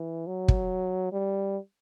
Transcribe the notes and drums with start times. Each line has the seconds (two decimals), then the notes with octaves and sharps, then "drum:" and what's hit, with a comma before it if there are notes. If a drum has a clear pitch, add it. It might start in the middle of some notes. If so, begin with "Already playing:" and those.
Already playing: E3
0.27 F#3
0.48 drum: kick
1.13 G3